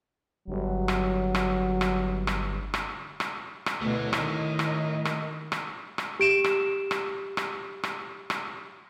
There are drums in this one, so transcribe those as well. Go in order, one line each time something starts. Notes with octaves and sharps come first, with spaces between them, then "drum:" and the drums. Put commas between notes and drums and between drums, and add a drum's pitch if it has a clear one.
G1 F#3
drum: rim click
drum: rim click
drum: rim click
drum: rim click
drum: rim click
drum: rim click
drum: rim click
D2 B2 A3 E4
D#3 D#5, drum: rim click
drum: rim click
drum: rim click
drum: rim click
drum: rim click
G4 D7 E7
drum: rim click
drum: rim click
drum: rim click
drum: rim click
drum: rim click